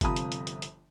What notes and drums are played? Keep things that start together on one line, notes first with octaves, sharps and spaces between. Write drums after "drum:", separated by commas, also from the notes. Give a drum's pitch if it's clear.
G1 C3 F3 A#5 B5 D#6, drum: kick G1, hi-hat
drum: hi-hat
drum: hi-hat
drum: hi-hat
drum: hi-hat